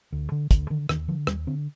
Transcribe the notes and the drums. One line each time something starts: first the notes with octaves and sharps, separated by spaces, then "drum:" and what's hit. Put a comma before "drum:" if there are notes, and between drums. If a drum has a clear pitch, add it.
D2
D3
D2, drum: kick, hi-hat
D3 D#3
D#2 D#3, drum: rim click
D3 F3
D#2 G3, drum: rim click
D3 C4